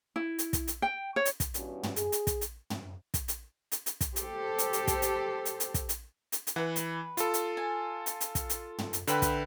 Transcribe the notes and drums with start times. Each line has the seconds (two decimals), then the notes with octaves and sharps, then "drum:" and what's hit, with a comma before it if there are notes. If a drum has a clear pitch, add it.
0.16 E4
0.39 drum: hi-hat
0.53 drum: kick, hi-hat
0.68 drum: hi-hat
0.82 G5
1.16 C#5
1.25 drum: hi-hat
1.40 drum: kick, hi-hat
1.54 E2 G2 C#4 F#4, drum: hi-hat
1.83 drum: tom
1.96 G#4, drum: hi-hat
2.12 drum: hi-hat
2.27 drum: kick, hi-hat
2.41 drum: hi-hat
2.70 drum: tom
3.14 drum: kick, hi-hat
3.28 drum: hi-hat
3.72 drum: hi-hat
3.86 drum: hi-hat
4.01 drum: kick, hi-hat
4.16 G4 A4 C5, drum: hi-hat
4.59 drum: hi-hat
4.73 drum: hi-hat
4.87 drum: kick, hi-hat
5.02 drum: hi-hat
5.45 drum: hi-hat
5.60 drum: hi-hat
5.74 drum: kick, hi-hat
5.89 drum: hi-hat
6.32 drum: hi-hat
6.47 drum: hi-hat
6.56 E3 B4 F#5
6.76 drum: hi-hat
7.17 F4 A4, drum: hi-hat
7.34 drum: hi-hat
7.57 G#5
8.06 drum: hi-hat
8.21 drum: hi-hat
8.35 drum: kick, hi-hat
8.50 drum: hi-hat
8.78 drum: tom
8.93 drum: hi-hat
9.07 D3 B4 E5 G5 B5, drum: hi-hat
9.22 drum: kick, hi-hat